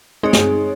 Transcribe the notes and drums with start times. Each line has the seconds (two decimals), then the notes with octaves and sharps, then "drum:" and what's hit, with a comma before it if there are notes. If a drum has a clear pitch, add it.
0.23 G#3 C4 D#4 G#4 C#5
0.33 drum: snare